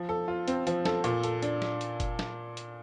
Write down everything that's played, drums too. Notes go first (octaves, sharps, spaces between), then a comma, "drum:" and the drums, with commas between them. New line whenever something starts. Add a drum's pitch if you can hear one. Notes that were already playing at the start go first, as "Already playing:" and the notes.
Already playing: F3
A4
F4
C4, drum: hi-hat
F3, drum: hi-hat
A4, drum: snare
A#2, drum: hi-hat
A4, drum: hi-hat
D4, drum: hi-hat
drum: snare
drum: hi-hat
drum: kick, hi-hat
drum: snare
drum: hi-hat